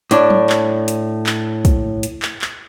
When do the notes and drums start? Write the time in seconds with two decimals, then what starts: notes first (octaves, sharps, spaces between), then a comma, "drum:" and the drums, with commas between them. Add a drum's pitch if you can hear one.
0.11 A2 D4, drum: hi-hat
0.30 drum: tom F#3
0.49 drum: clap
0.88 drum: hi-hat
1.26 drum: clap
1.65 drum: kick, hi-hat
2.03 drum: hi-hat
2.22 drum: clap
2.42 drum: clap